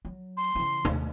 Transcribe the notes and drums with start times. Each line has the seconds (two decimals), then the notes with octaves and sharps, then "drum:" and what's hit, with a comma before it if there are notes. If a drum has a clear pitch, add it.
0.05 F#3
0.37 C6
0.56 C#3 E3
0.85 D#2 A3, drum: tom